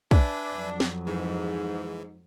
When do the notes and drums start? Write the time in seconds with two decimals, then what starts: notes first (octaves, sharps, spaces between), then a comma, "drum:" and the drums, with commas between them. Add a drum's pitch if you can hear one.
0.11 D4 B4 E5 G#5, drum: kick
0.53 F2 F#3
0.80 drum: snare
1.07 G#2 E3